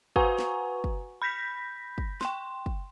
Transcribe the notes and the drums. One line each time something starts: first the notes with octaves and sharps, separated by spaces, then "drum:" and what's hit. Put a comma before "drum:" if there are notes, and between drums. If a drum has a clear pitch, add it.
F#4 B4 F#5 G#5 A#5 C#6, drum: kick
drum: snare
drum: kick
B5 G6 A#6 B6
drum: kick
G5 C6, drum: snare
drum: kick